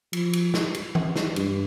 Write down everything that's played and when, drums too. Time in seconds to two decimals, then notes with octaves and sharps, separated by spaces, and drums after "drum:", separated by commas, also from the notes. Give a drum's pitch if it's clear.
0.13 F3, drum: cymbal
0.33 drum: cymbal
0.54 drum: snare
0.74 drum: cymbal
0.95 drum: tom E3
1.16 drum: snare
1.36 G2, drum: cymbal